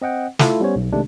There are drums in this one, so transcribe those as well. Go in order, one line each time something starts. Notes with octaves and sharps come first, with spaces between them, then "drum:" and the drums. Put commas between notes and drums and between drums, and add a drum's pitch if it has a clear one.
C4 D#5 F#5 G5
A3 E4 F4 A4, drum: snare
G3 B3 C#4 C5 C#5
B1
C3 D#3 G#3 A3 D4